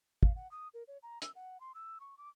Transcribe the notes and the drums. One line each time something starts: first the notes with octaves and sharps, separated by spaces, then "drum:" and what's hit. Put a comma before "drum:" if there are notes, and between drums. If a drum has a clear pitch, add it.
F5, drum: kick
F#5
D#6
A#4
C#5
A#5
E6, drum: hi-hat
F#5
C6
E6
C#6
D6